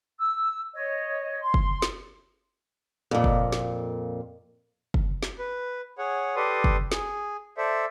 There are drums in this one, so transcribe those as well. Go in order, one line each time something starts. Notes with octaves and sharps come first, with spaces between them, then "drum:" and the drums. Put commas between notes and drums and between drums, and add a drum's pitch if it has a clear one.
E6
C#5 D#5
C6
drum: kick F#1
drum: snare
F2 A#2
drum: kick F#1
drum: snare
drum: kick F#1
drum: snare
B4
G#4 C#5 F#5
G4 A4 B4 D5 C6 D#6
drum: kick F#1
G#4, drum: snare
A4 C5 D5 E5